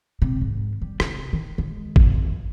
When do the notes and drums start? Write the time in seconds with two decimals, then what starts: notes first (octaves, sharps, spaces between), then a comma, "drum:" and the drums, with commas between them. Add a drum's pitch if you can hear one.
0.22 C3
0.41 G#2
0.82 G3
1.00 C3, drum: rim click
1.33 D#3
1.58 G#3
1.96 F2, drum: kick